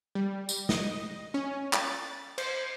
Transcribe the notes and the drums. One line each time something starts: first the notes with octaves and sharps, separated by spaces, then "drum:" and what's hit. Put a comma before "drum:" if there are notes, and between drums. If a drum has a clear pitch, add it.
G3
drum: tambourine
D#5, drum: snare
C#4
A6, drum: clap
C5, drum: cymbal